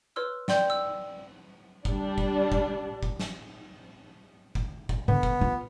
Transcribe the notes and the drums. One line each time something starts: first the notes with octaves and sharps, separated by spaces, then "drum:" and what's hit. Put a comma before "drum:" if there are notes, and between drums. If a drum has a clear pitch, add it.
B4 C#5 C6 E6 F6
D5 G5 C6 G6, drum: snare
E6
G3 D4, drum: kick F#1
drum: kick F#1
drum: kick F#1
drum: kick F#1
drum: snare
drum: kick F#1
drum: kick F#1
D3 B3
drum: kick F#1
F4